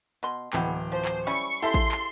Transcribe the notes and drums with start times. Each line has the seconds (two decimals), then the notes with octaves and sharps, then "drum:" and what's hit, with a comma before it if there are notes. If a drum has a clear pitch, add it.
0.23 B2 C6
0.53 D1 E3 G#3 B3 G5, drum: clap
0.92 F3 C5
1.05 drum: clap
1.27 G3 C#4 E4 C#6
1.62 C#3 E4 G4 A4 E5 G5 C6
1.74 drum: kick A1
1.92 drum: clap